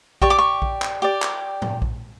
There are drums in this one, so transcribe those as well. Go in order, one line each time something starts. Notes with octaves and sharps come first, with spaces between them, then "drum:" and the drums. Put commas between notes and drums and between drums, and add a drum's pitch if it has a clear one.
G4 D5 C#6, drum: kick A#1
D6
C#6
drum: kick A#1
drum: clap
G4 D5
drum: clap
drum: tom G#2
drum: kick A#1